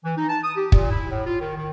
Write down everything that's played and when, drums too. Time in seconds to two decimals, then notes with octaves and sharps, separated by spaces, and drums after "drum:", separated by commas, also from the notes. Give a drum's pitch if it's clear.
0.04 E3
0.16 D#4
0.29 A5
0.43 D#6
0.56 G4
0.72 A#2, drum: kick
0.90 E4
1.10 A2
1.26 F4
1.40 D#3
1.56 D#3